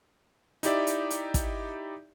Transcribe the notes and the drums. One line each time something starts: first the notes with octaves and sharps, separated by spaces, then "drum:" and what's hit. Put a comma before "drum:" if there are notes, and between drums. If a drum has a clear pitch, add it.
D#4 E4 G4 D5 E5, drum: hi-hat
drum: hi-hat
drum: hi-hat
drum: kick, hi-hat